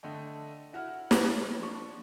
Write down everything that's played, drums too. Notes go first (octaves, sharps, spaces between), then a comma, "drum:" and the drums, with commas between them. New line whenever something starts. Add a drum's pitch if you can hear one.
D3 A3 D#5 G5
E4 F#4 F#5 F6
drum: snare
F3 D4 C#6